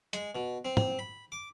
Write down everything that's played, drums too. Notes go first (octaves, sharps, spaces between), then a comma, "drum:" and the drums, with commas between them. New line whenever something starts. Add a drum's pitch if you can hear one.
G#3, drum: hi-hat
B2
C4
C4, drum: tom
B5
D6